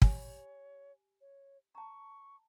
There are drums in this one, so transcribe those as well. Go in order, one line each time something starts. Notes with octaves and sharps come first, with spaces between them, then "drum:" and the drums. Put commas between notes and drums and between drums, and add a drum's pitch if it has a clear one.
G4 C#5 G#5 B5, drum: kick
C#5
A5 A#5 C#6